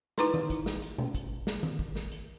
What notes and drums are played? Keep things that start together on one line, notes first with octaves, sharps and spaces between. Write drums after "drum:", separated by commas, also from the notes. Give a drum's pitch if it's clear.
D#4 E4 B4 A#5 C6, drum: snare
drum: tom D#3
drum: kick, hi-hat
drum: snare
drum: hi-hat
drum: tom B2
drum: kick, hi-hat
drum: snare
drum: tom D#3
drum: kick
drum: snare
drum: hi-hat